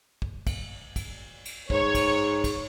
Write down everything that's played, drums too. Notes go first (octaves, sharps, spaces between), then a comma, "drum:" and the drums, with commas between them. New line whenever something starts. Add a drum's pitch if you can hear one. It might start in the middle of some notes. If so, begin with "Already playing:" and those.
drum: kick
drum: kick, cymbal
drum: kick, cymbal
drum: cymbal
G#2 C#5, drum: kick
drum: kick, cymbal
drum: kick, cymbal